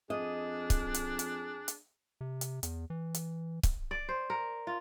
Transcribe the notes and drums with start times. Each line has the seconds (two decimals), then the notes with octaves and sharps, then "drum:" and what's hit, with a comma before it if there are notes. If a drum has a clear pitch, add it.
0.10 F2 D4 G#4 D#5
0.70 drum: kick C#1, hi-hat
0.94 drum: hi-hat
1.19 drum: hi-hat
1.68 drum: hi-hat
2.21 C3
2.41 drum: hi-hat
2.63 E2, drum: hi-hat
2.90 E3
3.14 drum: hi-hat
3.63 drum: kick C#1, hi-hat
3.91 D5
4.09 C5
4.30 A#4
4.67 F4